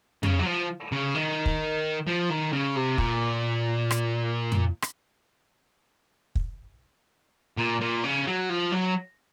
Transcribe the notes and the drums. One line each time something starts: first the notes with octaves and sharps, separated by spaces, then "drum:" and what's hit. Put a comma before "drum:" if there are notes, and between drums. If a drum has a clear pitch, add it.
C#3, drum: tom F2
F#3
F3
C#3
D#3
drum: kick
F3
D#3
C#3
C3
A#2, drum: kick
drum: rim click
drum: tom F2
drum: rim click
drum: kick
A#2
A#2
C#3
F#3
F3
F#3